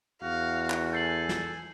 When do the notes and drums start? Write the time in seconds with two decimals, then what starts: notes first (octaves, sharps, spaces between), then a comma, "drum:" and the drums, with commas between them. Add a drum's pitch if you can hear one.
0.23 E2 F#4 F5
0.70 drum: clap
0.93 A4 G#5 G6 C7 F#7
1.29 drum: snare